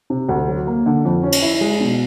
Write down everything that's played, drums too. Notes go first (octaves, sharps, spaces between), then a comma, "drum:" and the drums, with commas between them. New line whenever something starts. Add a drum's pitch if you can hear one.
C3
D2
F#3
A#3
D3
F2
C#4
drum: cymbal
E4
G#3
B2